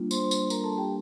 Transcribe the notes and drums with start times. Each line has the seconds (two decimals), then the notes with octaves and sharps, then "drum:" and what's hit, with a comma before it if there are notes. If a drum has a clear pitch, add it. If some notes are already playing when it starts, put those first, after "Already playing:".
Already playing: G3 A#3 D4 F4
0.11 C5 C6, drum: tambourine
0.31 drum: tambourine
0.50 A#4 A#5, drum: tambourine
0.64 A4 A5
0.77 G4 G5